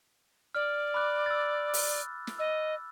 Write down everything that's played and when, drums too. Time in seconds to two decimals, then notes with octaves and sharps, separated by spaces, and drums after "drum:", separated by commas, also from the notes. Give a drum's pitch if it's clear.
0.55 D5 F6
0.94 B5 D6 F#6
1.26 E6 A6
1.74 drum: open hi-hat
2.27 drum: snare
2.38 D#5 E6